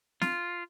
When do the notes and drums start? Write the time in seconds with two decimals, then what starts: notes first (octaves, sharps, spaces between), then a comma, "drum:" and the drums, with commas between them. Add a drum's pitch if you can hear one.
0.22 F4, drum: snare